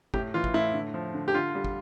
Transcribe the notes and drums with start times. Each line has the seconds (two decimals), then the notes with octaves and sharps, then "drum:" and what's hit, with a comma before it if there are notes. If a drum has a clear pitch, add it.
0.14 A2 G4, drum: kick
0.34 E3 F4
0.44 drum: kick
0.54 A2 E4
0.74 D3
0.94 F3
1.14 D3
1.28 G4
1.34 D3 F4
1.55 G3
1.64 drum: kick